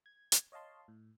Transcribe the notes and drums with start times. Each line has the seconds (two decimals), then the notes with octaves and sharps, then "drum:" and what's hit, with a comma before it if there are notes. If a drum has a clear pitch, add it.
0.06 G#6
0.32 drum: hi-hat
0.52 C#5 D#5 F5 A5 C6
0.88 A2